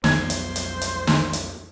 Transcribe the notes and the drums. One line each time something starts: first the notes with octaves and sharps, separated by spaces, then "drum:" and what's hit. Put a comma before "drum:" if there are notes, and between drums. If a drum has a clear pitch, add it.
B1 F2 B3 C5 G#6, drum: snare
drum: hi-hat
drum: hi-hat
drum: hi-hat
drum: snare
drum: hi-hat